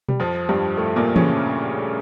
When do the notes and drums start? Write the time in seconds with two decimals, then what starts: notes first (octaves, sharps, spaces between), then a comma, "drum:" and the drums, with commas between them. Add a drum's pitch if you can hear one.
0.08 G3, drum: tom B2
0.20 F2 F3
0.49 G2 G3
0.77 A2 A3
0.96 A#2 A#3
1.16 C#3 C#4, drum: tom E3